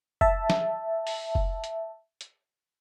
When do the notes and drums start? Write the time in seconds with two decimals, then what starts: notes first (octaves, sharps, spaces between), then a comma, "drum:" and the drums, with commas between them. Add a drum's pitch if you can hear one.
0.21 E5 A5, drum: kick F1
0.50 drum: snare
1.07 drum: open hi-hat
1.35 drum: kick F1
1.64 drum: hi-hat
2.21 drum: hi-hat